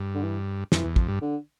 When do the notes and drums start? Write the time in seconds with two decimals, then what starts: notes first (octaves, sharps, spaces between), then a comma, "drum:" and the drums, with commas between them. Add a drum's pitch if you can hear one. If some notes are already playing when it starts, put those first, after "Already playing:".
Already playing: G2
0.15 D3
0.23 E3
0.72 F2 E3, drum: snare
0.85 E2
0.96 F2, drum: kick
1.08 G2
1.21 D3